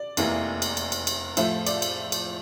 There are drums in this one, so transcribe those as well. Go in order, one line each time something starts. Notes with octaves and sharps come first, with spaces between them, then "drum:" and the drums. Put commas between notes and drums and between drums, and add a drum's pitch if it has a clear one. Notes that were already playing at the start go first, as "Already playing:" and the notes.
Already playing: D5
F1 E2 E3 A#3 E4, drum: cymbal
drum: cymbal
drum: cymbal
drum: cymbal
drum: cymbal
A2 F3 A3 E4 E5, drum: cymbal
D5, drum: cymbal
drum: cymbal
drum: cymbal